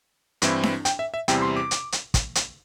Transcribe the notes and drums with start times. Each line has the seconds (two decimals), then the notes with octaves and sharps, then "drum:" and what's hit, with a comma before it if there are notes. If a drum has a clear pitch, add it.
0.42 G2 E3 C4 E4, drum: hi-hat
0.63 drum: snare D4
0.85 G5, drum: hi-hat
0.99 E5
1.14 E5
1.28 E2 C3 G3 C4 E4 G5, drum: hi-hat
1.42 C6
1.56 D6
1.71 drum: hi-hat
1.92 drum: hi-hat
2.14 drum: kick, hi-hat
2.35 drum: hi-hat